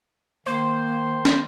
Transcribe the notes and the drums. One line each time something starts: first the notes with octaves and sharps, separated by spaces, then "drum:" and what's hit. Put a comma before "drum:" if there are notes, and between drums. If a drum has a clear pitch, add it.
D#3 A#3 C5
drum: snare